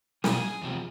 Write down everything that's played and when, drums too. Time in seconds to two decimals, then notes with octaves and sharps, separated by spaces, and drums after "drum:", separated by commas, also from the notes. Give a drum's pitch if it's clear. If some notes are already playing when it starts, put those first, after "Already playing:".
0.24 B2 G3 G#4, drum: snare
0.62 E2 C3 F3